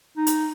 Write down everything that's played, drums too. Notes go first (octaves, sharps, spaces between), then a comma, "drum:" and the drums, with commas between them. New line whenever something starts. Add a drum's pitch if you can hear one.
D#4
drum: hi-hat